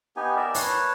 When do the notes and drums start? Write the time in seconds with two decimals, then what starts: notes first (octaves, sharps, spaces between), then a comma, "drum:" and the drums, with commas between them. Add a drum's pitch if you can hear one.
0.16 B3 D#4 G4 G#5
0.36 A#4 D5 E5
0.54 B4 C#5 A5, drum: open hi-hat